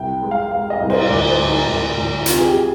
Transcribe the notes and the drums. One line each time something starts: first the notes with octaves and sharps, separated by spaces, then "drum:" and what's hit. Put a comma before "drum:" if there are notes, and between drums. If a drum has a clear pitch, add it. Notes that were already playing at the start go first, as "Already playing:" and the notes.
Already playing: C2 G5
G#3
F5
G#3 F5
D#5
C2
C5, drum: cymbal
D2 D5
C5
D2
D#4
D2
D2
C3 F4, drum: hi-hat
G#4
G4